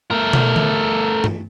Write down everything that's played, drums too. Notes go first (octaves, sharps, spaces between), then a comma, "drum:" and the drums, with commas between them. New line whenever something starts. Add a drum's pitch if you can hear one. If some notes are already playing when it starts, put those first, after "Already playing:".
A3 A#4
drum: tom
drum: tom
drum: tom G2